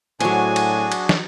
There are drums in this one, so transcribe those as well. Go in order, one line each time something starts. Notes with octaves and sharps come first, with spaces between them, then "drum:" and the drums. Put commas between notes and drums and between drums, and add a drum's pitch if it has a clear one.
A2 F#3 D4 F#4 G#4 C5 G#5, drum: cymbal
drum: cymbal
drum: cymbal
drum: snare